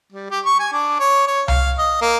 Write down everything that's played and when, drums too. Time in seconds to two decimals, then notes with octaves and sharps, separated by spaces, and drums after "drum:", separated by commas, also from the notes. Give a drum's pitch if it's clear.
0.12 G3
0.30 G4
0.45 C#6
0.59 G#5
0.73 D4
0.99 C#5
1.28 C#5
1.48 F5, drum: tom C2
1.78 D#5
2.01 A#3